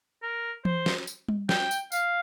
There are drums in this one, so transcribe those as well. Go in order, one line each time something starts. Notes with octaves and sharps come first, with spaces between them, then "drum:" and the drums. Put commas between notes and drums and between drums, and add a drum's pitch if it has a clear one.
A#4
C5, drum: tom E3
drum: snare
drum: tambourine
drum: tom G3
G5, drum: snare
drum: tambourine
F5, drum: tambourine